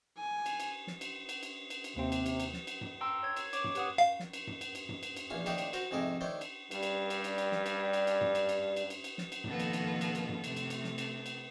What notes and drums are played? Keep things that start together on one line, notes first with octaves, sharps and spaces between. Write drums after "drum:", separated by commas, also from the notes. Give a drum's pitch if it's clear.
G#5
drum: cymbal
drum: cymbal
drum: snare
drum: cymbal
drum: cymbal
drum: cymbal
drum: cymbal
drum: cymbal
D#2 C3 C4
drum: cymbal
drum: cymbal
drum: cymbal
drum: snare
drum: cymbal
drum: tom F#2
G5 A#5 C6 E6
C#5 G#6
drum: cymbal
C#5 D6, drum: cymbal
drum: tom F#2
G4 B4 F#5 D#6, drum: cymbal
F5
drum: snare
drum: cymbal
drum: tom F#2
drum: cymbal
drum: cymbal
drum: tom F#2
drum: cymbal
drum: cymbal
A#1 E2 F5 G#5
A2 D#3 A#3 D4 G4 D#6, drum: cymbal
drum: cymbal
F#4 A#4 C5, drum: cymbal
F2 G#2 C3 A3 G#4 A#4
D#3 A3 D4 C5 C#5
drum: cymbal
G2 G3, drum: cymbal
drum: cymbal
drum: cymbal
drum: cymbal
drum: cymbal
drum: snare
drum: cymbal
drum: cymbal
drum: cymbal
drum: tom F#2
drum: cymbal
drum: cymbal
drum: cymbal
drum: cymbal
drum: cymbal
drum: snare
drum: cymbal
F2 B2 D#3 A#3 B3 A4, drum: tom F#2
drum: cymbal
drum: cymbal
drum: cymbal
drum: cymbal
drum: tom F#2
C3 A3, drum: cymbal
drum: cymbal
drum: cymbal
drum: snare
drum: cymbal
drum: cymbal